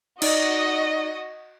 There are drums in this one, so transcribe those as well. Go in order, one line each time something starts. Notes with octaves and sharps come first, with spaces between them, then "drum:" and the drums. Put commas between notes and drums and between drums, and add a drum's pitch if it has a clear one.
D#4 F#4 D5 D#5, drum: cymbal